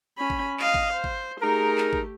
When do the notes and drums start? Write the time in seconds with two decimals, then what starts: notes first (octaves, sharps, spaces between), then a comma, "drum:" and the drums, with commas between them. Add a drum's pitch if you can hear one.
0.18 C#4 B5
0.30 drum: kick
0.59 D#5 F5, drum: clap
0.74 drum: kick
0.94 C5
1.04 drum: kick
1.41 A3 D#4 G4 G#4 A#4
1.78 drum: clap
1.93 drum: kick